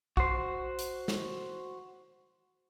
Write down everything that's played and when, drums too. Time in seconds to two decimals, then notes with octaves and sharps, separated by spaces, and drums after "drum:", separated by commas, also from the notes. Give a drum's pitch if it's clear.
0.17 F#4 C5, drum: kick
0.79 drum: hi-hat
1.08 drum: snare